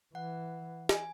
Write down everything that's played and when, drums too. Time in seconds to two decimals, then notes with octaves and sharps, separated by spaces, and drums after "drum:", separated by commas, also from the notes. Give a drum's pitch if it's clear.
0.15 E3 F#5
0.89 G#5, drum: snare